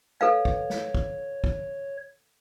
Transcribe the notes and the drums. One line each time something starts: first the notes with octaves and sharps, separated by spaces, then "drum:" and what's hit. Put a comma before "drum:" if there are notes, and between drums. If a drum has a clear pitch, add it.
A4 B4 C#5 F5
drum: kick
drum: snare
drum: kick
drum: kick